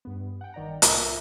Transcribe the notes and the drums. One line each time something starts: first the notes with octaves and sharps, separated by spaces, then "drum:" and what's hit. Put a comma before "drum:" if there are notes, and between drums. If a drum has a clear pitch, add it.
G2 B3
F#5 G5
G1 D#3 D5 G5 A#5
C2 A2 A#4, drum: hi-hat
F4 A#4 E5